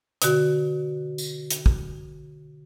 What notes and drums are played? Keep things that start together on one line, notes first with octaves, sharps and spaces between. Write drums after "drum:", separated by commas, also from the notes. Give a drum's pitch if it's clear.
B2 D3 F#4, drum: hi-hat
drum: tambourine
drum: hi-hat
drum: kick